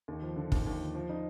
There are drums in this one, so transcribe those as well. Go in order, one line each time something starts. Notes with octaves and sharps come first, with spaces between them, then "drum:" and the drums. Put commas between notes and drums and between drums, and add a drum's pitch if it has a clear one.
D#2
F3
D3
D#2, drum: kick
D#2
F3
F3
D#4